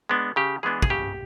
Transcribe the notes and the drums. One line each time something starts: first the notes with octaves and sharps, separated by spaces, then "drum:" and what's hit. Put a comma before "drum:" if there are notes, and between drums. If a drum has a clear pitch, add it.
G#3 B3 D4
C#3 G4
E3 G#3 B3 D4 G#4
G#4, drum: kick
C#3 G4